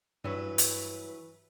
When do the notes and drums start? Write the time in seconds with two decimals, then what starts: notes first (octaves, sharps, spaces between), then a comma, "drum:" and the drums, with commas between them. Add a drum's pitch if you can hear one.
0.24 G2 E3 F#3 B4 C#5
0.58 drum: hi-hat